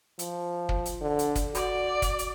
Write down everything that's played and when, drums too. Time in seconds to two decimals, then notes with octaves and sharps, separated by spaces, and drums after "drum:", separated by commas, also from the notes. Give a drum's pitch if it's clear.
0.19 F3, drum: hi-hat
0.69 drum: kick
0.85 drum: hi-hat
1.01 D3
1.19 drum: hi-hat
1.35 drum: kick, hi-hat
1.55 F#4 D5, drum: hi-hat
2.02 drum: kick, hi-hat
2.19 drum: hi-hat